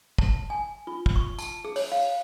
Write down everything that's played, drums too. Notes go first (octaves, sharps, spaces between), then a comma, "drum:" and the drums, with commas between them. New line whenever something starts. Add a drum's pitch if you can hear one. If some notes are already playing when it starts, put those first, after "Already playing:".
A5, drum: kick
G#5
F4
drum: kick
C#6
A5, drum: tambourine
G#4
C#5, drum: open hi-hat
F5